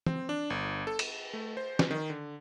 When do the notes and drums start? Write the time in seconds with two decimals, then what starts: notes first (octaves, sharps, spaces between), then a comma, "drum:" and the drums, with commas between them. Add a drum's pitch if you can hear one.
0.06 C4, drum: tom
0.29 D4
0.50 G1
0.87 A4
0.99 E7, drum: cymbal
1.33 A3
1.57 C5
1.79 drum: snare
1.91 D#3
2.10 D3